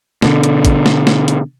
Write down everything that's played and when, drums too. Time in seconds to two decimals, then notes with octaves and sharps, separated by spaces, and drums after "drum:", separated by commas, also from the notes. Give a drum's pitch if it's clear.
0.22 B2 D3, drum: snare
0.43 drum: hi-hat
0.65 drum: kick, hi-hat
0.86 drum: snare
1.07 drum: snare
1.28 drum: hi-hat